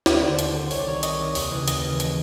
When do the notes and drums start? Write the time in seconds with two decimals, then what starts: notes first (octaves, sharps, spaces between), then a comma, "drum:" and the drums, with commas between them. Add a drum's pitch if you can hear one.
0.06 D#2 C#5, drum: snare
0.17 D5
0.22 D3
0.28 C5
0.39 D#2 C5, drum: hi-hat
0.55 D3
0.71 C2 C#5, drum: open hi-hat
0.80 D5
0.87 C3 D#3 C#5
1.03 C2 D#5, drum: hi-hat
1.19 C3 D#3
1.35 D#2, drum: open hi-hat
1.51 C#3 E3
1.68 D#2 D#5, drum: hi-hat
1.83 C#3 E3
2.00 drum: hi-hat